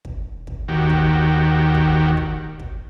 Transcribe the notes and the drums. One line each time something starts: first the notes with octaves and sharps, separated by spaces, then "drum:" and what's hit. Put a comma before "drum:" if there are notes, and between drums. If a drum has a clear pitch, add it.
drum: kick
drum: kick
D#2 D#3 F#4 G4
drum: kick
drum: kick
drum: kick
drum: kick